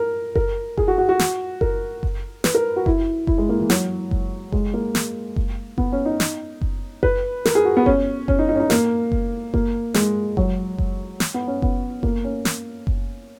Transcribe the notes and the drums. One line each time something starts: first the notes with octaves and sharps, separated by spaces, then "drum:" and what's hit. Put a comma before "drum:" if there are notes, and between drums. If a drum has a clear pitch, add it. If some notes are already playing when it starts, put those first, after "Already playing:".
Already playing: A#4
A#4, drum: kick F#1
G#4, drum: kick F#1
F#4
F#4
F#4
drum: snare
A#4, drum: kick F#1
drum: kick F#1
B4, drum: snare
A#4
F#4
E4, drum: kick F#1
E4, drum: kick F#1
G#3
A#3
E3
F#3, drum: snare
drum: kick F#1
G#3, drum: kick F#1
A#3
drum: snare
drum: kick F#1
B3, drum: kick F#1
C#4
D#4
drum: snare
drum: kick F#1
B4, drum: kick F#1
A#4, drum: snare
G#4
F#4
B3
C#4, drum: kick F#1
C#4, drum: kick F#1
D#4
D#4
C#4
D#4
A#3, drum: snare
drum: kick F#1
A#3, drum: kick F#1
G#3, drum: snare
F#3, drum: kick F#1
drum: kick F#1
drum: snare
B3
C#4
B3, drum: kick F#1
A#3, drum: kick F#1
C#4
drum: snare
drum: kick F#1